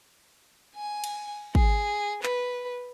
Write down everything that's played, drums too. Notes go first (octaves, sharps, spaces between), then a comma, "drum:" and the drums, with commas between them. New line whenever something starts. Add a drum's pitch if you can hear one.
G#5
drum: cymbal
G#4, drum: kick
B4, drum: clap